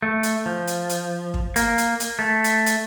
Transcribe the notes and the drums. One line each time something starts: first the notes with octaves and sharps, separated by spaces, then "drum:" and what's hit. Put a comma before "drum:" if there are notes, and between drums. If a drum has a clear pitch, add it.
A3
drum: hi-hat
F3
drum: hi-hat
drum: hi-hat
drum: kick
A#3, drum: hi-hat
drum: hi-hat
drum: hi-hat
A3
drum: hi-hat
drum: hi-hat